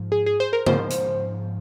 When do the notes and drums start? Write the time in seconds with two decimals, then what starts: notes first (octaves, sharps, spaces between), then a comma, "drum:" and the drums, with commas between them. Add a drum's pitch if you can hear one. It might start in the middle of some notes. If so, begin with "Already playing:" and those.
Already playing: G#2 F3
0.12 G#4
0.26 G#4
0.40 C5
0.53 A#4
0.66 G#2 F3 C5, drum: tom
0.90 drum: hi-hat